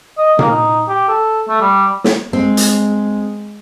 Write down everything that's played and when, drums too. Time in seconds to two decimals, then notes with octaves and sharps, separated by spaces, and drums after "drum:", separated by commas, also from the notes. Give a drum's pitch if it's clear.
0.18 D#5
0.39 A#3, drum: tom A#2
0.51 D#4
0.88 G4
1.08 A4
1.48 A3
1.61 G3
2.04 drum: snare
2.33 G#3 C4
2.57 drum: hi-hat